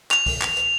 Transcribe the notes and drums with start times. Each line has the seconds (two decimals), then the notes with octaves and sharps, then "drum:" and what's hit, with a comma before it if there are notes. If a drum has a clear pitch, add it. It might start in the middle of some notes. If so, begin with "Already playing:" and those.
0.11 F7, drum: clap
0.26 drum: kick, open hi-hat
0.41 drum: clap
0.57 drum: hi-hat